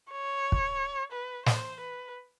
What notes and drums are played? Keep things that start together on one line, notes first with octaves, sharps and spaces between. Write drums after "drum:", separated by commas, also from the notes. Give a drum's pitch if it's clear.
C#5
drum: kick
B4
C5, drum: snare
B4